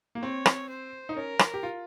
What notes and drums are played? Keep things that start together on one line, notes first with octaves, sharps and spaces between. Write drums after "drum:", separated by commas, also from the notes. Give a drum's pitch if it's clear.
A#3
C4 C#5
drum: rim click
C5
D#4
C#4 A#4
drum: rim click
G4
F4